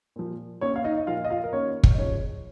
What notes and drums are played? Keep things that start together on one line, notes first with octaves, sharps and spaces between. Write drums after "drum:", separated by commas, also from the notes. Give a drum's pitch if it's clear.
A#2 F3
A#1 C#4 C#5
F5
D#4 D#5
D#5
A#2 F3 F4 F5
D#5
F4 F5
A#4
D#2 C#4 C#5
drum: kick
D#5
C#3 F3 C#4 C#5